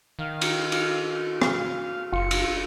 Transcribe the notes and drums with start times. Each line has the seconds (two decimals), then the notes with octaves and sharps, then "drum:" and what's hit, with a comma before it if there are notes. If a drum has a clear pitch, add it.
0.19 D#3 F5
0.41 drum: cymbal
0.72 drum: cymbal
1.42 F5, drum: rim click
2.12 F#1 F4 C#7
2.31 drum: cymbal